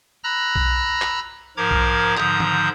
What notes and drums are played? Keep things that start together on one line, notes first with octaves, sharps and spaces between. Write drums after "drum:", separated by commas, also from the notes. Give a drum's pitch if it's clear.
A#5 B5 E6 F#6 A#6
drum: kick B1
drum: clap
G#2 F3 A#4 A#5 D6 G#6
drum: kick B1
G#2 D3 F3 A#5 D#6 G6, drum: clap
drum: tom D#3